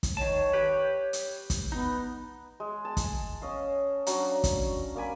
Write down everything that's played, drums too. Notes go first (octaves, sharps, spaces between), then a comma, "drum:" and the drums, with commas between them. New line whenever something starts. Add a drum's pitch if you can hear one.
drum: kick, hi-hat
D#3 C#5 A5
G4 B4
drum: hi-hat
drum: kick, hi-hat
B3 D#4
G#3
G#5 A5
drum: kick, hi-hat
C#4 D#5 F5
F#3 C#4 D4 A#5, drum: hi-hat
drum: kick, hi-hat
A#3 D5 G#5 B5